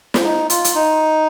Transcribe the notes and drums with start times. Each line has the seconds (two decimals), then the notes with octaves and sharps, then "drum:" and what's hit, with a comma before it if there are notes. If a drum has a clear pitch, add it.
0.14 drum: snare
0.24 D#4
0.50 F4, drum: hi-hat
0.64 drum: hi-hat
0.75 D#4